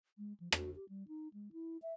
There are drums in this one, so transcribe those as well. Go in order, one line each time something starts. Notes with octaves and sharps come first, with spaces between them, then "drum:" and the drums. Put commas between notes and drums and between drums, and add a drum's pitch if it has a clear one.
G#3
F3
F#4, drum: rim click
G4
G3
D#4
G#3
E4
E5